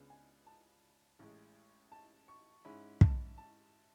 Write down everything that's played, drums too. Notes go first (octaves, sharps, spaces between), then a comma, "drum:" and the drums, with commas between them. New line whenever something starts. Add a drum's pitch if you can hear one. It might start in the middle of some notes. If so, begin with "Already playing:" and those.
Already playing: C#2 C#3 G#3 B3 D4
G#5
A5
A1 A2 G#3
A5
C#6
G#2 G#3 C#4 E4 B5
A5, drum: kick
A5